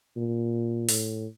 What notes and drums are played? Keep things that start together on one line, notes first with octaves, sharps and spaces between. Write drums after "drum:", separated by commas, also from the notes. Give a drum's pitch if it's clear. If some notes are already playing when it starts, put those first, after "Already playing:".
A#2
A2, drum: open hi-hat